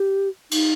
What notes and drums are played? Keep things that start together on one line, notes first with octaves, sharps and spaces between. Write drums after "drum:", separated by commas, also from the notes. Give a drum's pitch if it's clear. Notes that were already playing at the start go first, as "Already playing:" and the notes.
Already playing: G4
D#4, drum: cymbal